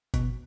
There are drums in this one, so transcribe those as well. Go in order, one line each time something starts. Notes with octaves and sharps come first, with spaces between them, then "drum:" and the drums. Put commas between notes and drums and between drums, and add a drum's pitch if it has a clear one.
B2, drum: kick G1, hi-hat